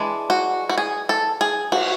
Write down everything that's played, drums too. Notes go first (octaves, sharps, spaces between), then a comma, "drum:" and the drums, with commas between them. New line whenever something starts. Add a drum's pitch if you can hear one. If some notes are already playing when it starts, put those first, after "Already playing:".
Already playing: E3 G#3 D4
F#4
F#4
G#4
A4
G#4
F#4, drum: cymbal